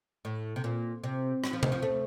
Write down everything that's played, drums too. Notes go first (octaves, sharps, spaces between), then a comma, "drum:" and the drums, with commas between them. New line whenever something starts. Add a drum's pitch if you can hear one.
A2
C3
A#2
C3
F#3, drum: rim click
F3
D#3, drum: tom C3
F3
A3